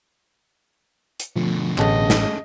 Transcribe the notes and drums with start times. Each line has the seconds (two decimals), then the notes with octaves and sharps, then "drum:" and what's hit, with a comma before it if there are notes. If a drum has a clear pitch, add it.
1.20 drum: hi-hat
1.36 B2 D3 F3 A3
1.78 A1 C#4 G#4 D#5 A5, drum: clap
2.10 drum: snare